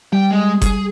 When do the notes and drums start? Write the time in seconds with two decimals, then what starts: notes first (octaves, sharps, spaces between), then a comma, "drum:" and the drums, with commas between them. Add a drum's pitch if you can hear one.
0.13 G3 G5
0.31 G#3
0.62 G#4, drum: kick F#1, hi-hat